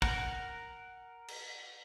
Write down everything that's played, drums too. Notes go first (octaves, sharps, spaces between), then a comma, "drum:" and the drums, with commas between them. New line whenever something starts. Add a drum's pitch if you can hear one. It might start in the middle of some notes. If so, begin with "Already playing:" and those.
A#4 F#5, drum: kick
drum: cymbal